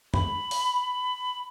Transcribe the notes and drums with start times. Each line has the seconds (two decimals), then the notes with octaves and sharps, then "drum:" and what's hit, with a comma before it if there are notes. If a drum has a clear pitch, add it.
0.14 B5, drum: tom F#2
0.51 drum: open hi-hat